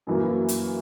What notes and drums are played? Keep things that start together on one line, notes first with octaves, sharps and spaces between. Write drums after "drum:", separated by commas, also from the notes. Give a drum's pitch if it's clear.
F#2 E3 A#3
drum: hi-hat